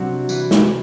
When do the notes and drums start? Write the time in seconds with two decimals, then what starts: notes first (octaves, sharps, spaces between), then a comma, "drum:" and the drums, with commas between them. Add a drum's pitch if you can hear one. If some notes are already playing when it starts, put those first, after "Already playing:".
Already playing: C3 F#3 C4 D4 F#4
0.29 E3, drum: tambourine
0.51 drum: snare